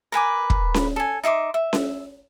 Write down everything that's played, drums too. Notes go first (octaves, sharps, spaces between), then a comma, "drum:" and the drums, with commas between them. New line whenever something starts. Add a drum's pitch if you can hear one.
A#4 B4 G#5 D6
drum: kick
drum: snare C#4
A4 G#5
D#4 E5 C6 D6
E5
drum: snare C#4